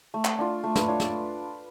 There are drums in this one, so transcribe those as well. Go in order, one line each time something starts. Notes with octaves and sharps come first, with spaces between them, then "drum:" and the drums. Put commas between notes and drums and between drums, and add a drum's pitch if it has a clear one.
A3
drum: clap
D4 F4
A3
B4, drum: snare
D4 F4 C#5
D5, drum: snare